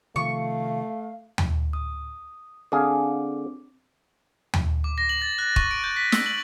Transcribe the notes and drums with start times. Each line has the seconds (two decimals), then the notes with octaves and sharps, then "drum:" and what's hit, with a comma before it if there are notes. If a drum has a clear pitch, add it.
0.16 C3 D#3 F3 A3 F5 C#6
1.38 drum: tom D#2
1.73 D#6
2.72 D3 C4 D4 G#4 F5 D6
4.54 drum: tom D#2
4.84 D6
4.98 A#6
5.09 F#7
5.22 A6
5.38 F#6
5.56 C#6, drum: kick
5.71 D7
5.84 G6
5.96 B6
6.12 E6, drum: snare
6.26 F#7